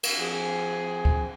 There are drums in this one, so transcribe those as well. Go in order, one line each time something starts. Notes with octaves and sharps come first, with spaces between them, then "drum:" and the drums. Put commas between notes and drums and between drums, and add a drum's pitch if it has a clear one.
drum: cymbal
F3 C4 G#4
drum: kick D2